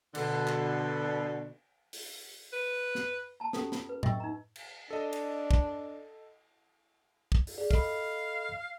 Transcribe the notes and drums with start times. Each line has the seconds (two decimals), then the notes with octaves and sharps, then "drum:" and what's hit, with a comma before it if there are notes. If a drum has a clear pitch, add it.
0.15 B2 D3, drum: cymbal
0.48 drum: clap
1.93 drum: open hi-hat
2.53 B4
2.95 drum: snare
3.40 A5 A#5
3.53 C#4 F#4 G4 A4 D#6, drum: snare
3.72 F4, drum: snare
3.89 B4
4.03 D#5 E5 G5 C#6 E6, drum: tom A2
4.20 D#4 A#5
4.56 drum: cymbal
4.90 D4 A4 D#5
5.13 drum: cymbal
5.51 drum: kick
7.32 drum: kick
7.47 drum: open hi-hat
7.58 G#4 D5
7.71 A4 D#5 F5 B5, drum: kick